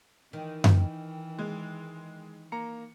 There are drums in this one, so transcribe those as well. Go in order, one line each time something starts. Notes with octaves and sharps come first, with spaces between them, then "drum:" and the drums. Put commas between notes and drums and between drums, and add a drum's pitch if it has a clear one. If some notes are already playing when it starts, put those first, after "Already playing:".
D#3 E3
drum: tom F#2
G#3
A#3 A#5 C#7